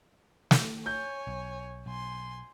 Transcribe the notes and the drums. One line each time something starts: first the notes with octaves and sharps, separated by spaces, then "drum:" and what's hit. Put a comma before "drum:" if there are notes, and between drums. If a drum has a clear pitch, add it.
drum: snare
C#5 G#5 G6
B1
B1 G#5 C6